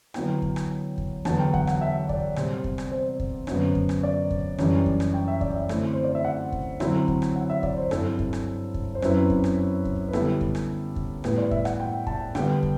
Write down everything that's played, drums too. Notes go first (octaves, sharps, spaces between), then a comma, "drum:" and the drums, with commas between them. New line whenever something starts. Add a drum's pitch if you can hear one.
D3 F#3 B3 E4 G5, drum: rim click
drum: kick
drum: rim click
drum: kick
E2 D3 F#3 B3 A5, drum: rim click
G5
F#5, drum: kick
F#5, drum: rim click
E5
D5, drum: kick
C3 G3 C4, drum: rim click
drum: kick
drum: rim click
C5
drum: kick
F#2 D3 F#3 B3, drum: rim click
drum: kick
drum: rim click
D5
drum: kick
F#2 E3 G3 D4, drum: rim click
drum: kick
drum: rim click
G5
E5
D5, drum: kick
E5
D3 A3 C4 E4, drum: rim click
C5
D5
E5
F#5
drum: kick
D3 F#3 C4 E4, drum: rim click
drum: kick
drum: rim click
F#5
E5
D5, drum: kick
C5
G2 F#3 C4 E4 A4, drum: rim click
drum: kick
drum: rim click
drum: kick
C5
F#2 F#3 C4 E4 B4, drum: rim click
drum: kick
drum: rim click
drum: kick
B4
D3 G3 B3 E4 A4, drum: rim click
drum: kick
drum: rim click
drum: kick
A2 G3 B3 E4 B4, drum: rim click
D5
E5, drum: kick
F#5, drum: rim click
G5
A5, drum: kick
D3 G3 B3 G5, drum: rim click
drum: kick